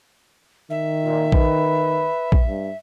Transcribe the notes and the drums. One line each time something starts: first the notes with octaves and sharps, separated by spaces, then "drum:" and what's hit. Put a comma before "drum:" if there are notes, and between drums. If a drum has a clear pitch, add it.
D#3 E5
A#2
B4, drum: kick A#1
drum: kick A#1
G2